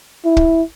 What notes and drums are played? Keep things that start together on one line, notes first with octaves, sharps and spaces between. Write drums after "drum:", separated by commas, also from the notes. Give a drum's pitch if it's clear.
E4
drum: kick